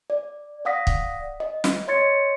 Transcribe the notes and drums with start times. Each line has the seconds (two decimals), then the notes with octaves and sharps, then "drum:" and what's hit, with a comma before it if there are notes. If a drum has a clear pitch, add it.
0.10 D5
0.65 D5 F5 F#5 D#6 A#6 B6
0.87 drum: kick
1.40 D#5
1.64 drum: snare
1.88 C#5 D#5 C6 G#6 A6 C#7